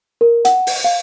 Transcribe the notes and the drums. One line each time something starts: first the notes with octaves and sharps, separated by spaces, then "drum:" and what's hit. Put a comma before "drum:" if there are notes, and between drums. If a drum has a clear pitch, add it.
A#4
F#5, drum: hi-hat
drum: open hi-hat
F5